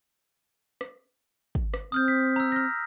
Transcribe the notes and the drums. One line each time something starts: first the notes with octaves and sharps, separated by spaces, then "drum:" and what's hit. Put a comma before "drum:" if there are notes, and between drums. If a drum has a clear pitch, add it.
drum: rim click
drum: kick
drum: rim click
C4 D#6 F6 G6
B6
A#5 E6
F6 A#6